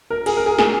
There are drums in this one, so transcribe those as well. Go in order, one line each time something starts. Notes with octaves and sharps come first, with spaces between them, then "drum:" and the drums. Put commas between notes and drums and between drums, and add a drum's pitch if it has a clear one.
A#4
G#4, drum: cymbal
A#4
G#4
G#4, drum: snare